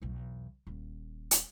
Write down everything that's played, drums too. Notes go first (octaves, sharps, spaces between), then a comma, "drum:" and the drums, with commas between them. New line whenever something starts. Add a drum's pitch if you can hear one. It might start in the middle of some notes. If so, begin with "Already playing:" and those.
B1 E2
D#1
drum: hi-hat